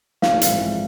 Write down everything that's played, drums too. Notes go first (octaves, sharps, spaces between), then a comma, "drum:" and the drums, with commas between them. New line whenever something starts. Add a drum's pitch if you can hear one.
A#1 F5, drum: snare
G#2 E3 A3 C4, drum: hi-hat
A#1